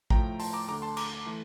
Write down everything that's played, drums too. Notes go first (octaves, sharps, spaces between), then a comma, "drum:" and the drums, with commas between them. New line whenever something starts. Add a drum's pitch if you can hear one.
A2 F3 A3 G5 A#5, drum: kick A1
A5 C6, drum: open hi-hat
A#5 D6
D2 D3 A3 A#5 D6
A5 C6
A#5 D6, drum: cymbal
E3 A3